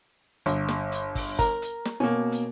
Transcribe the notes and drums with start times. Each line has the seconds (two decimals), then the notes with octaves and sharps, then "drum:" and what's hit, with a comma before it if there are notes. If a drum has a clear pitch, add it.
0.46 G1, drum: hi-hat
0.69 drum: snare
0.92 drum: hi-hat
1.15 drum: kick, open hi-hat
1.39 A#4, drum: kick, hi-hat
1.62 drum: hi-hat
1.85 drum: snare
2.00 B2 A#3 C#4
2.32 drum: hi-hat